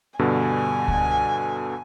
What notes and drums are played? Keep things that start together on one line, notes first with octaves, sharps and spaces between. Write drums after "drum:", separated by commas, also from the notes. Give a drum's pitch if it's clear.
G2 B2 D3 G#5
drum: kick C#2